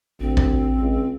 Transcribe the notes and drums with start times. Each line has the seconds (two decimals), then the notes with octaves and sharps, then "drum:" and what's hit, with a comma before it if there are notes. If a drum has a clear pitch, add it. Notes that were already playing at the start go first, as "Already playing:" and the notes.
0.20 A1 D2 C4
0.37 drum: kick
0.77 C#2